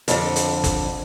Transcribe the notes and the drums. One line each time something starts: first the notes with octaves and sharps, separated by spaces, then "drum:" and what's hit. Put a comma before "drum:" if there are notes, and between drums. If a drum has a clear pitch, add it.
F2 D3, drum: hi-hat
drum: hi-hat
drum: kick G1, hi-hat